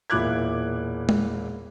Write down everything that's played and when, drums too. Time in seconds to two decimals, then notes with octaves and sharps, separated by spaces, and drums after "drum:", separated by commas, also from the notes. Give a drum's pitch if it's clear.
0.10 E1 A#2 E4 D6 F#6 G#6
1.09 drum: tom G#3